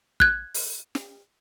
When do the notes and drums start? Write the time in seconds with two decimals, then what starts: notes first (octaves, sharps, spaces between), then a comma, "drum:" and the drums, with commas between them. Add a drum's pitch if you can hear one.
0.20 F#6 G#6, drum: kick
0.54 drum: open hi-hat
0.95 drum: snare